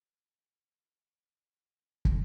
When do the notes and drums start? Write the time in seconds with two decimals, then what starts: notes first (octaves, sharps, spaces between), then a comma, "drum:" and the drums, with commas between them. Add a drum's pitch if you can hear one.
0.24 E4 G#4 A#4 B4 C#5
2.05 drum: kick